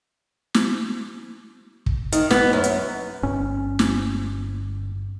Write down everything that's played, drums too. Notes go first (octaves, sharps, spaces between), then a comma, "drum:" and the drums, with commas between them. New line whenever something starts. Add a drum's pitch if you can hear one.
drum: snare
drum: kick
D#3, drum: hi-hat
B3, drum: snare
F#2
drum: hi-hat
G1 C#4
drum: snare